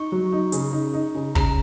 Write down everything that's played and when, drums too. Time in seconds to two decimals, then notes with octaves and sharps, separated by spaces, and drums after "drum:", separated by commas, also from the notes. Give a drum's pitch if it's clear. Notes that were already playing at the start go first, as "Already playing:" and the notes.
Already playing: D#4 C#6
0.12 F#3
0.32 D#4
0.52 C#3, drum: hi-hat
0.73 D#4
0.94 D#4
1.15 C#3
1.35 C#3 A#5, drum: kick